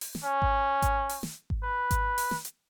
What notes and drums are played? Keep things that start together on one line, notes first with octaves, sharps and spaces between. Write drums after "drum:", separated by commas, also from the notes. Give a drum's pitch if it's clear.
drum: open hi-hat
drum: snare
C#4
drum: kick G#1
drum: kick G#1, hi-hat
drum: open hi-hat
drum: snare
drum: kick G#1
B4
drum: kick G#1, hi-hat
drum: open hi-hat
drum: snare
drum: hi-hat